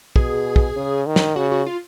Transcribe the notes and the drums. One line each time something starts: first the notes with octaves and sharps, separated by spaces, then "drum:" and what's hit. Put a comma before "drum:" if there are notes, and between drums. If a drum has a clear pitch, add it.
B2 G#4, drum: kick
drum: kick
C#3
D#3
drum: snare
C#3 F#4
F#4
F4